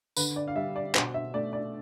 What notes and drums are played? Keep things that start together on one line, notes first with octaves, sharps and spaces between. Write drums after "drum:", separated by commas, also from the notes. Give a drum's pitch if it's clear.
D3 B4, drum: tambourine
D5
F5
G3 E5
D5
B2 C5, drum: clap
E5
A3 D5
D5